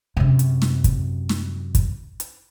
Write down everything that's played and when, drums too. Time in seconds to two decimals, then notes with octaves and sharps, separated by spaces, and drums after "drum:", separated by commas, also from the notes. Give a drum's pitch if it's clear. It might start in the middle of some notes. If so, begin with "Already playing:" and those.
0.17 F#2 C3
0.39 drum: hi-hat
0.62 drum: snare
0.84 drum: kick, hi-hat
1.29 drum: snare
1.75 drum: kick, hi-hat
2.20 drum: hi-hat